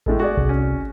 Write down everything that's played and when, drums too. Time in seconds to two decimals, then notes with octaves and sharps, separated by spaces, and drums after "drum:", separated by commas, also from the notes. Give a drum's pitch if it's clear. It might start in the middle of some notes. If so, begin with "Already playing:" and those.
0.06 A2 G#3 A3, drum: kick G#1
0.20 F#4 G#4 D5
0.37 C2, drum: kick G#1
0.49 C#4